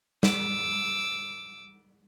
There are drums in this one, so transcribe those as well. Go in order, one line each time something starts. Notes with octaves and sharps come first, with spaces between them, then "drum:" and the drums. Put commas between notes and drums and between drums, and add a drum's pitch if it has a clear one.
D6 E6, drum: snare